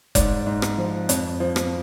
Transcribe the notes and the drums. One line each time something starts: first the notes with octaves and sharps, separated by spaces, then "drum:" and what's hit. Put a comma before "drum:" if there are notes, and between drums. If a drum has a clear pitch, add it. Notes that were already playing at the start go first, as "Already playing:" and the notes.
G#2 D5, drum: kick F1, hi-hat
G#2
drum: rim click
F3
F2, drum: hi-hat
F3
drum: rim click